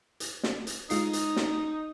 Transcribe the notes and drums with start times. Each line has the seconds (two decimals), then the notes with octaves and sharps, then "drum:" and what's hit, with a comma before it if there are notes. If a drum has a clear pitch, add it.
0.20 drum: hi-hat
0.43 drum: snare
0.67 drum: hi-hat
0.90 G#3 D#4 F4 D#6 C7, drum: hi-hat
1.13 drum: hi-hat
1.36 drum: snare